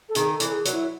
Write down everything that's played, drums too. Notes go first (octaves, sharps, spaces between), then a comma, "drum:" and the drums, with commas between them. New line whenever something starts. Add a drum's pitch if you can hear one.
A4
D#3 G#4, drum: hi-hat
A4
E3, drum: hi-hat
A4
G#4
F#3, drum: hi-hat
E4